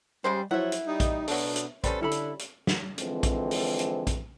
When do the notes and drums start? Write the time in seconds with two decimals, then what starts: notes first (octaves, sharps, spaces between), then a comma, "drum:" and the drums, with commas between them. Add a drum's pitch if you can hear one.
0.24 C#3 G3 G#3 C5
0.51 F3 F#3 E4 C#5 E5 F#5
0.72 drum: hi-hat
0.87 G3 D#4
1.00 drum: kick A#1, hi-hat
1.28 B2 F#3 A3 B3 D4, drum: open hi-hat
1.56 drum: hi-hat
1.84 G3 C#4 A4 B4 C5, drum: kick A#1, hi-hat
2.01 D3 E4 A4 B5
2.12 drum: hi-hat
2.39 drum: hi-hat
2.67 drum: snare
2.98 D3 E3 F3 G#3 C4, drum: hi-hat
3.23 drum: kick A#1, hi-hat
3.51 drum: open hi-hat
3.79 drum: hi-hat
4.07 drum: kick A#1, hi-hat